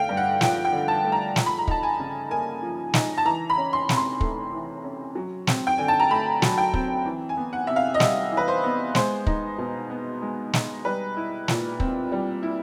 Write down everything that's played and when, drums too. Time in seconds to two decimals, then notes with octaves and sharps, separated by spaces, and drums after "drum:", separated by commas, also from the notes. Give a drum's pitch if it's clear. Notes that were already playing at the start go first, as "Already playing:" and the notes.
Already playing: D3 A3 F5 G5
0.09 G2
0.17 F#5
0.41 F3 G5, drum: snare
0.65 G5
0.72 D3
0.88 A5
1.04 A3
1.12 A#5
1.36 F3, drum: snare
1.46 B5
1.58 A#5
1.68 D#4 A5, drum: kick
1.83 G#5
1.99 C#3
2.31 A#3 G#5
2.62 F3
2.94 D#4, drum: snare
3.18 A5
3.25 E3 A#5
3.50 B5
3.57 C#4
3.73 C6
3.89 C3, drum: snare
3.97 C6
4.21 A3, drum: kick
4.52 E3
4.84 C#4
5.15 F#3
5.47 C4, drum: snare
5.67 G5
5.78 D3 G#5
5.88 A5
6.00 A#5
6.10 A3 B5
6.42 F#3, drum: snare
6.58 G5
6.74 C4, drum: kick
7.05 E3
7.29 G#5
7.37 B3
7.53 F#5
7.67 C3 E5
7.76 F5
7.94 D#5
8.00 G3 E5, drum: snare
8.32 E3
8.37 B4
8.48 C5
8.63 B3
8.95 G#3 C5, drum: snare
9.27 D#4, drum: kick
9.58 B2
9.90 B3
10.22 G#3
10.53 D#4, drum: snare
10.85 G3 B4
11.17 E4
11.48 A#2, drum: snare
11.80 C4, drum: kick
12.12 G3
12.43 E4